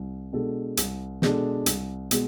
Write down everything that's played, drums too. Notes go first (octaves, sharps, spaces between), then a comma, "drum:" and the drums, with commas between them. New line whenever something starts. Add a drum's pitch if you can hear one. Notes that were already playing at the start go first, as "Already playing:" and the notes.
Already playing: C2
B2 G#3 D4 A4
C2, drum: hi-hat
B2 G#3 D4 A4, drum: snare
C2, drum: hi-hat
B2 G#3, drum: hi-hat